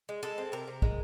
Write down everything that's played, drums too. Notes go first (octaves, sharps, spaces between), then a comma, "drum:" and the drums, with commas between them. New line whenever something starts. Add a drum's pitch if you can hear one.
G#3
G#3 A4
C4
C3 A#4
C3
G#3, drum: kick